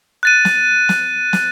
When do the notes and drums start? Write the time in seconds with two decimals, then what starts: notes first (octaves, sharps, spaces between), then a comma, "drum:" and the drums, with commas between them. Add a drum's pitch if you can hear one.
0.23 F#6 A6 D#7
0.45 drum: snare
0.89 drum: snare
1.33 drum: snare